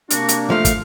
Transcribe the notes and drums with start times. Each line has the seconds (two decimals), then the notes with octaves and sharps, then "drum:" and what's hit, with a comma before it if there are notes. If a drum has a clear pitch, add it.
0.10 C3 A#3 D4 F#4, drum: hi-hat
0.29 drum: hi-hat
0.50 F3 A3 F5
0.65 drum: kick, hi-hat